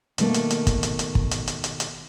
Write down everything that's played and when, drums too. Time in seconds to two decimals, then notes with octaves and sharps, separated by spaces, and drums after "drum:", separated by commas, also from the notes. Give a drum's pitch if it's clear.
0.18 B2 D#3 A3 A#3, drum: hi-hat
0.34 drum: hi-hat
0.50 drum: hi-hat
0.67 drum: kick, hi-hat
0.83 drum: hi-hat
0.99 drum: hi-hat
1.15 drum: kick
1.31 drum: hi-hat
1.48 drum: hi-hat
1.64 drum: hi-hat
1.80 drum: hi-hat